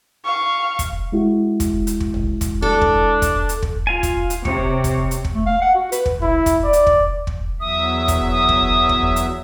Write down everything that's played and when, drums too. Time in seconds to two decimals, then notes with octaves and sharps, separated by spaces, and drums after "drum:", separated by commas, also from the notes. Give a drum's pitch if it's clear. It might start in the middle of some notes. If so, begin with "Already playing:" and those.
0.25 F5 C#6
0.79 drum: kick, hi-hat
1.12 G#3 E4 F#4
1.60 drum: kick, hi-hat
1.87 drum: hi-hat
2.00 drum: kick
2.14 drum: tom
2.41 drum: kick, hi-hat
2.62 D4 A4
2.81 drum: kick
3.22 drum: kick, hi-hat
3.49 drum: hi-hat
3.62 drum: kick
3.87 F4 F5 G#5
4.03 drum: kick, hi-hat
4.30 drum: hi-hat
4.45 C3 C#5, drum: kick
4.84 drum: kick, hi-hat
5.11 drum: hi-hat
5.25 drum: kick
5.34 A3
5.46 F5
5.62 F#5
5.75 F#4
5.92 B4, drum: hi-hat
6.06 drum: kick
6.22 E4, drum: tom
6.46 drum: kick, hi-hat
6.64 D5
6.73 drum: hi-hat
6.87 drum: kick
7.27 drum: kick
7.60 E2 F#3 E5 D#6
8.08 drum: kick, hi-hat
8.31 D#6
8.49 drum: kick
8.89 drum: kick
9.16 drum: hi-hat